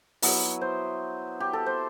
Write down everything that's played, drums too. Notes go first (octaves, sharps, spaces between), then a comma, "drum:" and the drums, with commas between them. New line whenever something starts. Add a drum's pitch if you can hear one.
F#3 B3 E4 E5, drum: open hi-hat
C5
G4
A4
C5